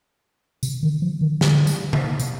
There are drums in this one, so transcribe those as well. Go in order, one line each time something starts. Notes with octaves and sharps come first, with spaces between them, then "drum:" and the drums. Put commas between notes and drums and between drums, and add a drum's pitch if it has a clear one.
C3, drum: tambourine
D#3
F3
D#3
D3, drum: snare
drum: tambourine
drum: tom C#3
C3, drum: tambourine